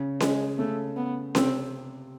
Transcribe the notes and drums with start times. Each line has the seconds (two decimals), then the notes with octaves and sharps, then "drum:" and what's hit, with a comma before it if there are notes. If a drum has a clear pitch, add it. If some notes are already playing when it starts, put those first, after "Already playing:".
Already playing: C#3
0.20 G#3, drum: snare C#4
0.59 C#3 A3
0.97 B3
1.35 C3 C4, drum: snare C#4